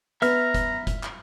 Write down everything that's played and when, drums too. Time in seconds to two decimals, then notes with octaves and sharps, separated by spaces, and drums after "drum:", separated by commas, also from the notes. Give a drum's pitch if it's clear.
0.22 B3 E5 A#5 F6, drum: hi-hat
0.54 drum: kick F1, hi-hat
0.87 drum: kick F1, hi-hat
1.03 drum: clap